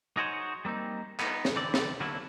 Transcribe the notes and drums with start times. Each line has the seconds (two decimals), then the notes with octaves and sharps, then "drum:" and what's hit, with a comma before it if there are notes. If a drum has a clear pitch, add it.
0.17 D#4 F#4 G#4 A#4 C5 C#5
0.65 G3 A#3 C4 D#4
1.20 B3 D#4, drum: clap
1.45 drum: snare
1.56 D3 E3 C4 D5
1.74 drum: snare
2.00 D3 F#3 A#3 D4 E4